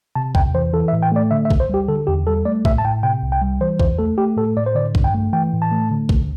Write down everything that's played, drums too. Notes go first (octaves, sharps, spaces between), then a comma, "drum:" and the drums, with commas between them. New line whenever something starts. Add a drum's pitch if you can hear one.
C3 A5
E2 G5, drum: kick
E3 C5
E3 A4
E5
A2
G5
A3 D5
D3 E5
E5
D2, drum: kick
C5
G3 G4
D3 A4
E2 G4
G3 A4
A3 D5
A2 E5, drum: kick
A5
A2 G5
C3 G5
C2
G5
G3
E3 C5
E2 C5, drum: kick
A3 A4
A3 G4
A2 A4
A2 D5
C5
D3 D5
G2, drum: kick
G5
A3
E3 G5
A2
A5
A3
D3
D2, drum: kick